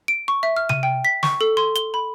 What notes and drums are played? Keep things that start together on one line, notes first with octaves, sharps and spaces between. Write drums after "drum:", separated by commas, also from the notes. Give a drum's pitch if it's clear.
D7
C#6
E5
F6
D#7, drum: tom C3
G5
B6
C#6, drum: snare
A4
C6
G7, drum: hi-hat
B5